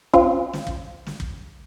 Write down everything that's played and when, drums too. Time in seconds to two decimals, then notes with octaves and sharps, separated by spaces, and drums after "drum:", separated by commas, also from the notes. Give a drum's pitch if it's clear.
0.14 C4 C#4 F4, drum: kick
0.53 drum: snare
0.67 drum: kick
1.07 drum: snare
1.20 drum: kick